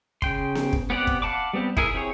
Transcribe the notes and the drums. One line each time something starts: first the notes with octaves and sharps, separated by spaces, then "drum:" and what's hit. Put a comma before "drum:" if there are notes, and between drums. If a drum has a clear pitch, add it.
C#3 G5 C6, drum: kick
drum: snare B3
drum: kick
B3 C4 G4 D5 F#5
drum: kick
F5 F#5 A5 B5 D6
G3 B3 C4 G4
E4 G#4 A#4 E5, drum: kick
C4 E4 G4 G#4 C#5